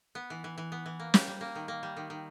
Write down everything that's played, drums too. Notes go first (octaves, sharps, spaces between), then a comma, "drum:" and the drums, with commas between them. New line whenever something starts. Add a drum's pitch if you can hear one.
B3
E3
E3
E3
B3
E3
A#3
G3, drum: snare
G3
A#3
D#3
A#3
G3
D#3
D#3